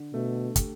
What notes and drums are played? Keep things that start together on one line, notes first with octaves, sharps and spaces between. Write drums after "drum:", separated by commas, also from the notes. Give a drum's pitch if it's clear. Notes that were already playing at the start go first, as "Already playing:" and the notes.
Already playing: D3
B2 A3
G4, drum: kick, hi-hat